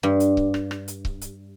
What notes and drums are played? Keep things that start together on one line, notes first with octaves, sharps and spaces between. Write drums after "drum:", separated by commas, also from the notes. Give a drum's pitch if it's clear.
G2
drum: hi-hat
drum: kick C#1
drum: rim click
drum: rim click
drum: hi-hat
drum: kick C#1
drum: hi-hat